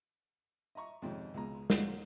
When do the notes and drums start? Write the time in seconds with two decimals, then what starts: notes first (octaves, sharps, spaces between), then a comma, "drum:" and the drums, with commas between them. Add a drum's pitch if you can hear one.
0.75 D#5 E5 A#5 C#6
1.02 F2 G#2 C3 D#3 C#4
1.34 C#2 B2 G#3 A#5
1.70 G#3 A#3 C#4 D#4 F4 F#4, drum: snare